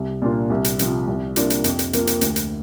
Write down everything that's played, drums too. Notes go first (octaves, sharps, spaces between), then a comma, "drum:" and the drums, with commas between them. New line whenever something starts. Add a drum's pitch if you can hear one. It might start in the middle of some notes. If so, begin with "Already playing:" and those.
Already playing: C2
A#2 A#3 D4 F4
C2
drum: hi-hat
C3 F3, drum: hi-hat
C2
C3 A#3 D4 F4, drum: hi-hat
drum: hi-hat
F2, drum: hi-hat
drum: hi-hat
F3 A#3, drum: hi-hat
drum: hi-hat
D2, drum: hi-hat
drum: hi-hat